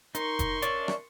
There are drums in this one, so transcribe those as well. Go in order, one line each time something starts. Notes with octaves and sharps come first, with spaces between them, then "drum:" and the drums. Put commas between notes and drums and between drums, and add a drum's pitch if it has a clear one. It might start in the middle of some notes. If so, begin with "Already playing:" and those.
D#4 A#4 C6 C#6, drum: hi-hat
drum: kick F1, hi-hat
C#4 D4 D5 E5, drum: hi-hat
drum: rim click